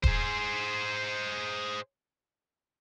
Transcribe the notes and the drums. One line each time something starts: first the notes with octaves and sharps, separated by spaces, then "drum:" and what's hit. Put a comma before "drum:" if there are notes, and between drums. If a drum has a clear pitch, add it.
G#4 C5, drum: kick D#1